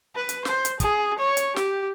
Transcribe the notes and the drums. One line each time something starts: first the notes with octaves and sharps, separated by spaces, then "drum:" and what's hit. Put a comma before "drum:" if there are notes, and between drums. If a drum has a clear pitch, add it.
B4
drum: hi-hat
C5, drum: snare
drum: hi-hat
G#4, drum: kick, hi-hat
C#5
drum: hi-hat
G4, drum: snare